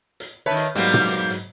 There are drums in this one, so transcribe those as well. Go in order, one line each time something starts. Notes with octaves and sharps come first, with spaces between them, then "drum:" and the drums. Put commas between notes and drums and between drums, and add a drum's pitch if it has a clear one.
drum: hi-hat
D#3 B4 C#5 E5 A5
drum: hi-hat
G#2 F#3 G3 A#3 B3, drum: hi-hat
drum: tom
drum: hi-hat
drum: hi-hat